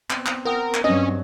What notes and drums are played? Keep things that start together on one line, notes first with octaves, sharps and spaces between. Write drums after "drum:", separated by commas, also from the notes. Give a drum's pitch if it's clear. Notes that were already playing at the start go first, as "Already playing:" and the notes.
B3 C4, drum: clap
drum: clap
A#4 F#5 G5 D#6
drum: clap
G2 F#3 C4 C#4 B4 D#5